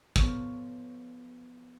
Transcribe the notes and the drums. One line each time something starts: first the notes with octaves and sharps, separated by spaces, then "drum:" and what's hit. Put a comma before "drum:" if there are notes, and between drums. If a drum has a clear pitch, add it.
F3 B3 A4 C#5 C#6 F6, drum: kick